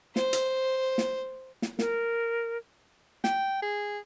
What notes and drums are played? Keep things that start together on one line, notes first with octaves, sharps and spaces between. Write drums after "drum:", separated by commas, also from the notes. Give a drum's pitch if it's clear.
C5, drum: snare
drum: hi-hat
drum: snare
drum: snare
A#4, drum: snare
G5, drum: snare
G#4